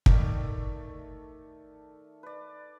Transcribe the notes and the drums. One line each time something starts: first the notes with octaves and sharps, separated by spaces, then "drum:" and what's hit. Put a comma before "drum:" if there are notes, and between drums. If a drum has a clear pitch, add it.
D#3 A3 D5 E5, drum: kick
B4 D5